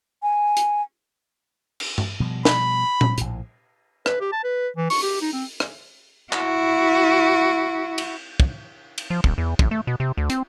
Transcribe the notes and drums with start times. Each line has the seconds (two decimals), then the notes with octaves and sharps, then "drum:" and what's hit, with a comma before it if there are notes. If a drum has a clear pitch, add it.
0.23 G#5
0.57 drum: hi-hat
1.80 drum: cymbal
1.98 drum: tom G2
2.20 B2 F3 G3
2.45 B5, drum: snare
3.01 drum: tom A#2
3.18 A#1 A2, drum: hi-hat
4.06 B4, drum: rim click
4.21 G4
4.33 A5
4.44 B4
4.77 E3
4.90 C#6, drum: open hi-hat
5.02 G4
5.21 D#4
5.33 C4
5.60 drum: rim click
6.33 E4 F#4, drum: clap
7.98 drum: cymbal
8.40 drum: kick
8.98 drum: cymbal
9.10 F3
9.24 D#1, drum: kick
9.38 E2
9.59 A1, drum: kick
9.71 A3
9.87 B2
10.00 C3
10.17 D2
10.30 C4, drum: hi-hat